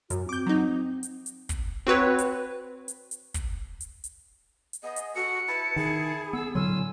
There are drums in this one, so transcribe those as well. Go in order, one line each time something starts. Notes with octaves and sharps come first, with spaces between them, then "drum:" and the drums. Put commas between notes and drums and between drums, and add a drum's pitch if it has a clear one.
F#2 F#4, drum: hi-hat
C4 D6 G6
F#3 D#4
drum: hi-hat
drum: hi-hat
drum: kick, hi-hat
C4 F#4 B4 C#5
drum: hi-hat
drum: hi-hat
drum: hi-hat
drum: kick, hi-hat
drum: hi-hat
drum: hi-hat
drum: hi-hat
B3 G#4 D#5
drum: hi-hat
F#4 A4 C#7
E4 B4 A5
D#3 G#4
B3 E6
A2 D3 F#3 C#4 G#5 C6 E6